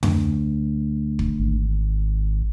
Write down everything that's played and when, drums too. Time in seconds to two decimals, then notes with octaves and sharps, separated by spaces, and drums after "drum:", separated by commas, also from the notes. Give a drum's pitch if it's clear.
0.03 D2, drum: tom F2
1.19 drum: kick
1.39 G#1